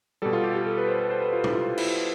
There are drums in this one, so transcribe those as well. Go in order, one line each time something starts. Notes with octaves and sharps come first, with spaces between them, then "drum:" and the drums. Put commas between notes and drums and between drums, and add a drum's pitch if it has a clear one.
B2 G3 A4
F4
G4
G4
A4
B4
C5
B4
C5
B4
F4
E4, drum: tom
F4
E4, drum: cymbal